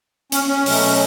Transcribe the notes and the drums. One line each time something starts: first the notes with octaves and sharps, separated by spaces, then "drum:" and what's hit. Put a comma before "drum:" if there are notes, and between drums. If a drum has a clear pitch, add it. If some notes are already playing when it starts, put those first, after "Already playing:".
C#4, drum: hi-hat
C#4
B2 F#3 A3, drum: open hi-hat